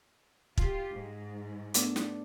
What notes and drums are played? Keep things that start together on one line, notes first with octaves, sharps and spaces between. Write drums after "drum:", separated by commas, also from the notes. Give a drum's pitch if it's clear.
F4 G4, drum: kick
G#2
A3 B3 D4, drum: hi-hat
drum: snare